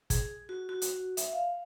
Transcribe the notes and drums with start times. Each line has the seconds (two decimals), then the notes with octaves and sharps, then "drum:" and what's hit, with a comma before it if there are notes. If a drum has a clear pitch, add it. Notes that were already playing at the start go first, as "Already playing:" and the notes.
0.10 G#4, drum: kick, hi-hat
0.49 F#4
0.69 F#4
0.82 drum: hi-hat
1.17 E5, drum: hi-hat
1.33 F5